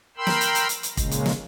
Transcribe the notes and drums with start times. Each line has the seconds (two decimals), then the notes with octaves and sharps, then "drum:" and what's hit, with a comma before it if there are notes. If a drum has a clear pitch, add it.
0.17 A#4 G5 B5 C6 E6
0.27 drum: snare
0.41 drum: hi-hat
0.55 drum: hi-hat
0.69 drum: hi-hat
0.83 drum: hi-hat
0.97 A#2 C#3 G#3, drum: kick, hi-hat
1.11 drum: hi-hat
1.26 drum: snare